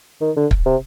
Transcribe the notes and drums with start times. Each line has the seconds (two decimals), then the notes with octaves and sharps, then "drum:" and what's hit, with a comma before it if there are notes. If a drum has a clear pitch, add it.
0.21 D#3
0.37 D3
0.51 drum: kick
0.66 C3